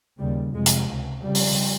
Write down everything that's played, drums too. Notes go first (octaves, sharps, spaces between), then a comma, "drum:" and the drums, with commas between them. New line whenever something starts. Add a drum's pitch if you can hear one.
D#2 C#3 G3
F2 C3 G#3
drum: hi-hat
C#2 C3
F2 C#3 G3
drum: open hi-hat